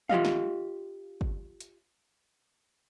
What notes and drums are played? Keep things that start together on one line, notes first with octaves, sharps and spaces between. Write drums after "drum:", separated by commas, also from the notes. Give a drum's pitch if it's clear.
F4 G4 D#5 F5, drum: tom
drum: snare
drum: kick
drum: hi-hat